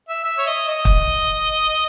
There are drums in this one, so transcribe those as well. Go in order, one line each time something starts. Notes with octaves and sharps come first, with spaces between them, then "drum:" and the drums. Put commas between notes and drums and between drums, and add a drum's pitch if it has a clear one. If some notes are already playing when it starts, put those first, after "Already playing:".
E5
E5
C#5
D#5
D#5
drum: kick